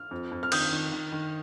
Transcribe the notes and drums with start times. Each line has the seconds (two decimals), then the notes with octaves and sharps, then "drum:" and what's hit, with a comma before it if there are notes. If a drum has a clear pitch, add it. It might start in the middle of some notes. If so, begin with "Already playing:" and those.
Already playing: F6
0.11 F2
0.31 F2
0.43 F6
0.52 D#3 D#6 G6, drum: cymbal
0.72 D#3
0.92 D#3
1.12 D#3